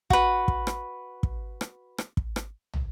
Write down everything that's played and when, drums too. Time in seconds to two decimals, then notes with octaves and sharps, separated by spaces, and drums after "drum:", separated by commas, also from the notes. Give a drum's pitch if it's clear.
0.10 F#4 B4, drum: kick
0.48 drum: kick
0.67 drum: rim click
1.23 drum: kick
1.61 drum: rim click
1.98 drum: rim click
2.17 drum: kick
2.36 drum: rim click
2.74 drum: tom